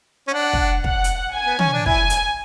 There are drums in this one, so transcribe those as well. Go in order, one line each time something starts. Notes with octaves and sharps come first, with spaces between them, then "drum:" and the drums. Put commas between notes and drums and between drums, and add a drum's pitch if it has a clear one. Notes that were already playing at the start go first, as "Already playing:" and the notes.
C#4
D4 F#5
drum: kick
F#5, drum: kick
drum: hi-hat
G#5
B3
C#4, drum: tom
D4
E4 G#5, drum: kick
drum: hi-hat